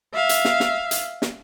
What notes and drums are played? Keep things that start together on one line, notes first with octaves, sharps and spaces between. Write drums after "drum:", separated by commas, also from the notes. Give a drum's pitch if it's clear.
E5 F5
drum: hi-hat
drum: snare
drum: snare
drum: hi-hat
drum: snare